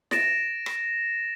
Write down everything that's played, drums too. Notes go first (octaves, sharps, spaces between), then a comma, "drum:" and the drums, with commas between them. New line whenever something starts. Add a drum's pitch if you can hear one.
A6 A#6 D7 E7, drum: snare E4
drum: rim click